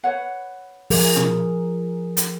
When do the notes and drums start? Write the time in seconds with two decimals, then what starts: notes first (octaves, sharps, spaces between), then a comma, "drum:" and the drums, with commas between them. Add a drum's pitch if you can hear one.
0.04 B4 C#5 F#5
0.90 F3 G#4 A#4, drum: open hi-hat
1.16 drum: tom A#2
2.17 drum: hi-hat